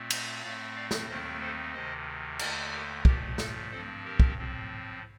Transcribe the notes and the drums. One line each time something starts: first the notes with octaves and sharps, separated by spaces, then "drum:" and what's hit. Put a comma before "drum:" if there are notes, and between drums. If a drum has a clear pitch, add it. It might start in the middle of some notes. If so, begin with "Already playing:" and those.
Already playing: A#2 A3 C4
C5 D#5, drum: cymbal
A2 A3 C4 D5 F5
D5 F5
drum: snare
D#2 D#3 A3 C4 C5 D#5
A4 C5
D2 C3 D#3 C5 D#5
D#2 D3 A3 A#4 D5, drum: cymbal
G4 A#4
A#2 F3 A3 G4 A#4, drum: kick
A4, drum: snare
G2 F3 C4 A4 C5
G4 A#4
drum: kick
A2 F3 C4